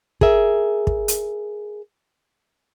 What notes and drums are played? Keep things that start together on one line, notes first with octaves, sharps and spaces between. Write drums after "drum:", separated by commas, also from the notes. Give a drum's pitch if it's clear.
G#4 A#4 E5, drum: kick
drum: kick
drum: hi-hat